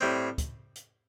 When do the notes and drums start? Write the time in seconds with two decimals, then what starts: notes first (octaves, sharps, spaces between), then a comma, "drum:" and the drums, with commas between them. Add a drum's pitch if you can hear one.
0.01 A2 G3 C4
0.38 drum: kick, hi-hat
0.75 drum: hi-hat